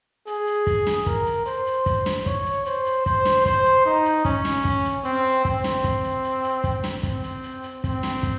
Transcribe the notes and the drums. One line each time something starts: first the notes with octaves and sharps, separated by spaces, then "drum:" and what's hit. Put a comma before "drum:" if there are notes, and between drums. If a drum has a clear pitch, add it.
G#4, drum: hi-hat
drum: hi-hat
drum: kick, hi-hat
drum: snare
A#4, drum: kick, hi-hat
drum: hi-hat
C5, drum: hi-hat
drum: hi-hat
drum: kick, hi-hat
drum: snare
C#5, drum: kick, hi-hat
drum: hi-hat
C5, drum: hi-hat
drum: hi-hat
C5, drum: kick, hi-hat
drum: snare
C5, drum: kick, hi-hat
drum: hi-hat
D#4
drum: hi-hat
C#4, drum: kick, hi-hat
drum: snare
drum: kick, hi-hat
drum: hi-hat
C4, drum: hi-hat
drum: hi-hat
C4, drum: kick, hi-hat
drum: snare
drum: kick, hi-hat
drum: hi-hat
drum: hi-hat
drum: hi-hat
drum: kick, hi-hat
drum: snare
C4, drum: kick, hi-hat
drum: hi-hat
drum: hi-hat
drum: hi-hat
C4, drum: kick, hi-hat
drum: snare
drum: kick, hi-hat